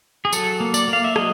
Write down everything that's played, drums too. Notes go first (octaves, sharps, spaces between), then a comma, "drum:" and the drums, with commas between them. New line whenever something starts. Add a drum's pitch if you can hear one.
G#4
F#3 A4, drum: tambourine
A#3
D5, drum: tambourine
A#3 F5
E5
F#3 D#5, drum: rim click